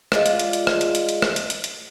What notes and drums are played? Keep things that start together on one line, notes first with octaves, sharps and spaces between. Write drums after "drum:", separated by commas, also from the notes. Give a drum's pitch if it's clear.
G#3 F4 D5 F#5, drum: rim click
drum: hi-hat
drum: hi-hat
drum: hi-hat
drum: rim click
drum: hi-hat
drum: hi-hat
drum: hi-hat
drum: rim click
drum: hi-hat
drum: hi-hat
drum: hi-hat